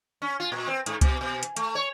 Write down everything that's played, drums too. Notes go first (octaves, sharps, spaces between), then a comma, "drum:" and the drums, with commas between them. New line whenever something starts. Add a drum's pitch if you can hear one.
C#4
F4
A#2
C4
G#2, drum: hi-hat
B2, drum: kick C2, hi-hat
B2
drum: hi-hat
A3, drum: hi-hat
C#5